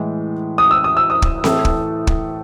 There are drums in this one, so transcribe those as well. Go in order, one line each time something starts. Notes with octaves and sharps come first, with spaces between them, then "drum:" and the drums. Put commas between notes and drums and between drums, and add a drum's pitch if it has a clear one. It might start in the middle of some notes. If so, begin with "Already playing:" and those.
Already playing: A2 E3 G#3
D#6
E6
D#6
E6
D#6
drum: kick
A2 E3 A3, drum: snare C4
drum: kick
drum: kick